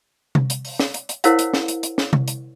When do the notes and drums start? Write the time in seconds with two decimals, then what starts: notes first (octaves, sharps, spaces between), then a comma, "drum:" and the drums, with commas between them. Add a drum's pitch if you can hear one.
0.35 drum: tom C3
0.50 drum: hi-hat
0.65 drum: open hi-hat
0.79 drum: snare
0.94 drum: hi-hat
1.09 drum: hi-hat
1.24 E4 A#4 C5 C#5 F5 F#5, drum: hi-hat
1.39 drum: hi-hat
1.54 drum: snare
1.68 drum: hi-hat
1.83 drum: hi-hat
1.98 drum: snare
2.13 drum: tom C3
2.28 drum: hi-hat